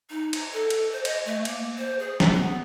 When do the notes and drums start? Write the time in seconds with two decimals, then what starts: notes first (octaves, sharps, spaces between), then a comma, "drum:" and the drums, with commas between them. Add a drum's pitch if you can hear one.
0.10 D#4
0.33 drum: cymbal
0.53 A4
0.70 drum: cymbal
0.92 C5
1.05 D#5, drum: cymbal
1.25 A3
1.45 A#3, drum: cymbal
1.78 C5
1.99 G#4
2.20 drum: snare
2.32 B3